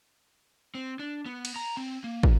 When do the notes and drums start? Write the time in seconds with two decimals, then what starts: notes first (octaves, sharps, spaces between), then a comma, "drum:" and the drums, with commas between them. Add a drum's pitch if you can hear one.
0.75 C4
0.99 D4
1.26 B3
1.45 drum: cymbal
1.56 A#5
1.77 C4
2.04 A#3
2.23 A#2, drum: kick